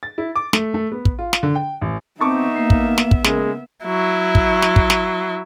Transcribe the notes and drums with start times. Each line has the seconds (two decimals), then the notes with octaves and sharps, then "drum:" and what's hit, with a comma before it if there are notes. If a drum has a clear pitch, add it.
0.03 A6
0.18 E4
0.36 D6
0.53 A3, drum: snare
0.74 A3
0.92 B3
1.05 drum: kick
1.19 F4
1.33 drum: snare
1.43 D3
1.55 G5
1.81 A1
2.21 B3 C4 D#4 E5 A5 C#6 D6
2.56 A#3 C7
2.70 drum: kick
2.98 drum: snare
3.11 drum: kick
3.24 C#3 G#3 A#3 G#4, drum: snare
3.85 F#3 E4
4.35 drum: kick
4.62 drum: snare
4.76 drum: kick
4.90 drum: snare